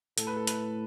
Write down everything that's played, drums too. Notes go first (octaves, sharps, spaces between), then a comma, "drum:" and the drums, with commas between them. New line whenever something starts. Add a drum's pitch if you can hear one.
A2 A4, drum: hi-hat
B4
A4
B4, drum: hi-hat